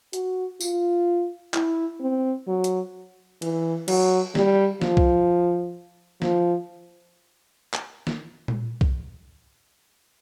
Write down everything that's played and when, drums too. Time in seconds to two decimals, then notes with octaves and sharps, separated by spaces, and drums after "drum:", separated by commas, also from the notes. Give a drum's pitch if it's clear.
0.13 F#4, drum: hi-hat
0.61 F4, drum: tambourine
1.54 E4, drum: clap
2.00 C4
2.47 F#3
2.64 drum: hi-hat
3.42 E3, drum: cymbal
3.88 F#3, drum: cymbal
4.35 G3, drum: snare
4.81 F3, drum: snare
4.97 drum: kick B1
6.22 F3, drum: snare
7.73 drum: clap
8.07 drum: snare
8.48 drum: tom A#2
8.81 drum: kick B1